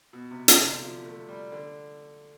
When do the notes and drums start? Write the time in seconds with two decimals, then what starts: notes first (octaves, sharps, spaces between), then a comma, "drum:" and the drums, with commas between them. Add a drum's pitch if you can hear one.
0.13 B2
0.31 C3
0.48 C3, drum: hi-hat
0.59 C3
0.65 D3
0.82 F3
1.06 A3
1.29 G3
1.52 D3